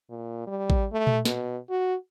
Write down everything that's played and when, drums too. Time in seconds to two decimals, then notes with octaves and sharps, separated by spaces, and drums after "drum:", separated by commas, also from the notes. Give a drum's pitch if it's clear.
0.10 A#2
0.47 G3
0.70 drum: kick A1
0.92 A3
1.07 drum: tom A#2
1.25 B2, drum: snare
1.70 F#4